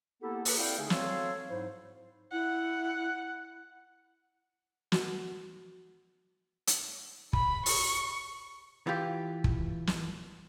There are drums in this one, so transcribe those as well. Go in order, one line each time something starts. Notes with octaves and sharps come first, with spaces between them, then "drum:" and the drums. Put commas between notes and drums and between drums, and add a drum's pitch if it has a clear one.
A#3 B3 E4 G4 A4
A#3 B4, drum: open hi-hat
C4 E4 A4 D5 F5 G5
D3 A3 C#4 D#4 G#4
F#3 C4 F#4 A4 C#5 F5, drum: snare
G#2 F#3 E4 C5
E4 F#5
F#4, drum: snare
drum: hi-hat
B5, drum: kick
C#6, drum: open hi-hat
E3 F4 G4
drum: kick
drum: snare